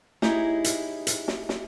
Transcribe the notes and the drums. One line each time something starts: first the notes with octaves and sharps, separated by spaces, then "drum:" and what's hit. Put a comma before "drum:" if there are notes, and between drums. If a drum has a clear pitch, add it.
D#4 E4 G4 G#4 C#5 D#5, drum: snare
drum: hi-hat
drum: hi-hat
drum: snare
drum: snare